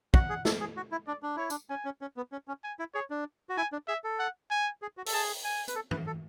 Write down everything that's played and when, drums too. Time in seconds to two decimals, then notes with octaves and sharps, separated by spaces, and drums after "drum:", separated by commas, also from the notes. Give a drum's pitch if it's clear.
0.14 F#4 F#5, drum: kick
0.29 G#4
0.45 A4, drum: snare
0.60 G#4
0.77 F#4
0.92 E4
1.07 D4 D5
1.23 D4
1.36 E4 C#5
1.50 D4, drum: tambourine
1.70 C#4 G#5
1.85 C#4
2.01 C#4
2.17 B3
2.32 C#4
2.48 C#4
2.64 G#5
2.79 E4
2.94 G#4 C#5
3.10 D4
3.49 F#4
3.57 E4 G#5
3.72 D4
3.88 G#4 E5
4.04 A4
4.19 F#5
4.51 G#5
4.82 G#4
4.97 F#4
5.06 A4, drum: open hi-hat
5.13 G#4 A5
5.44 G#5
5.68 B4, drum: hi-hat
5.75 A4
5.91 B4, drum: tom G2
6.07 A4